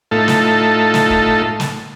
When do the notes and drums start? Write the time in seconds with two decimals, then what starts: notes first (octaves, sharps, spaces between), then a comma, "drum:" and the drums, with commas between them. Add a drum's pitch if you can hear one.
0.11 A2 A3 D#4 F4 A4
0.28 drum: snare
0.94 drum: snare
1.10 drum: kick
1.60 drum: snare